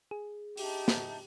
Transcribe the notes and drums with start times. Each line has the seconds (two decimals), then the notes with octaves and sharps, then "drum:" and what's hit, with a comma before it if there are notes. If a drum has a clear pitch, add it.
0.11 G#4
0.57 D4 D#4 G4 E5, drum: open hi-hat
0.88 drum: snare